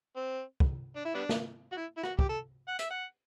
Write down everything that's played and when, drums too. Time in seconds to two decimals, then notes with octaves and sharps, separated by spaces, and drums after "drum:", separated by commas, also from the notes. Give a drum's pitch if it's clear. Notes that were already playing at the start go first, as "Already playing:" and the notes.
0.16 C4
0.60 drum: kick
0.96 D4
1.05 E4
1.14 G3 B3 D4
1.29 drum: snare
1.72 F#4
1.77 E4
1.97 E4
2.03 F#4, drum: rim click
2.19 G4, drum: kick
2.29 A4
2.68 F#5
2.79 E5, drum: hi-hat
2.90 F#5